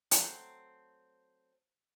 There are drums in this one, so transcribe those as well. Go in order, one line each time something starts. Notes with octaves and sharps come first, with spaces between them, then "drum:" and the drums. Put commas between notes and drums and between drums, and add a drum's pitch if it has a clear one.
F#3 A3 C4, drum: hi-hat